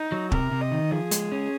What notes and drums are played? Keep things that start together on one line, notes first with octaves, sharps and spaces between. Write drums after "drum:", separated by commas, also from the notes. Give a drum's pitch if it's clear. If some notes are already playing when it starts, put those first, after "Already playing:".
Already playing: D#4
F#3
C3 A#4, drum: kick
C3
D#5
D#3
F3 G#4
G#3, drum: hi-hat
C#4